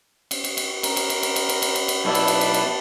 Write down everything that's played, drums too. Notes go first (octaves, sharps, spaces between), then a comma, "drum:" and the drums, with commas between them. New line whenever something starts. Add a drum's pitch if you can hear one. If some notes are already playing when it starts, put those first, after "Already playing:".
drum: cymbal
drum: cymbal
drum: cymbal
A#4, drum: cymbal
drum: cymbal
drum: cymbal
drum: cymbal
drum: cymbal
drum: cymbal
drum: cymbal
drum: cymbal
drum: cymbal
B1 E4 B4 D5 A5
drum: cymbal
drum: cymbal
drum: cymbal
drum: cymbal